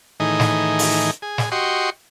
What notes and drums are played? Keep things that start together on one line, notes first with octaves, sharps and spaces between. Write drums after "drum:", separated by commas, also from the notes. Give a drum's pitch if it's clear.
A2 D#3 E3 D#4 G#4
drum: snare
drum: open hi-hat
G#4
drum: snare
F#4 G4 D#5 C6 C#6